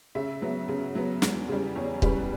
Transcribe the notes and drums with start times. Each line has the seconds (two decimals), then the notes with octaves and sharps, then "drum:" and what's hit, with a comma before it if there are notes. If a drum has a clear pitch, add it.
0.15 C#3 E5
0.42 F#3 B3
0.68 C#3
0.95 F#3 B3
1.22 E2, drum: snare
1.49 C#3 G3
1.75 E2 C#5
2.02 C#3 G3 B4, drum: kick